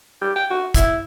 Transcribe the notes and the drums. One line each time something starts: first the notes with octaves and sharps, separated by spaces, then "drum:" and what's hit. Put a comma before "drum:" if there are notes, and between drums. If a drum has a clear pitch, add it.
G4
G5
F#4
E4, drum: kick, hi-hat